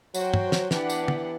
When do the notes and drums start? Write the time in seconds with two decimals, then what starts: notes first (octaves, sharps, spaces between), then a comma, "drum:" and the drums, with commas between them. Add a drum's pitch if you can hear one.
0.14 F#3 F#4 C5 G5, drum: tambourine
0.34 drum: tom
0.52 drum: snare
0.71 E3 B3 D4 G4 D5 F#5, drum: snare
0.90 drum: tambourine
1.08 drum: tom